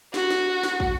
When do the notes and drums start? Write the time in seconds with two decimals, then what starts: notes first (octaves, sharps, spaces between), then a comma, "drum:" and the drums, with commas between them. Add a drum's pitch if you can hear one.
0.14 F#4, drum: snare
0.30 drum: snare
0.63 drum: snare
0.80 drum: kick